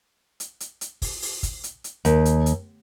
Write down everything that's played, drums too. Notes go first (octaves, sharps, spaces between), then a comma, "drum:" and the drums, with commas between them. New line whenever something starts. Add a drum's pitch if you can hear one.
drum: hi-hat
drum: hi-hat
drum: hi-hat
drum: kick, open hi-hat
drum: open hi-hat
drum: kick, hi-hat
drum: hi-hat
drum: hi-hat
D#2, drum: hi-hat
drum: hi-hat
drum: hi-hat